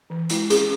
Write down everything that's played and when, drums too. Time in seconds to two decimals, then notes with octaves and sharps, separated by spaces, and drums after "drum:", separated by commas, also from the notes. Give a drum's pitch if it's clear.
0.10 E3
0.29 G#3 E4, drum: hi-hat
0.50 C#4 G#4, drum: hi-hat